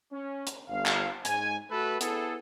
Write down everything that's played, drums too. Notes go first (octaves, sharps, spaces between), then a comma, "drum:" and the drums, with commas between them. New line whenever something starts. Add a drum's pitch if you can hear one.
C#4
drum: hi-hat
G1 F5
drum: clap
G#2 G#5, drum: hi-hat
A3 F#4 A4 B4
B3 E4 G#4 A4, drum: hi-hat